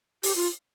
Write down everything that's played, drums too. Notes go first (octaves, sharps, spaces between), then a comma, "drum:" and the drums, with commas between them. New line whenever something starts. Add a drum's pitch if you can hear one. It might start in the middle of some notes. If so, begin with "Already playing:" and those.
G4, drum: open hi-hat
F4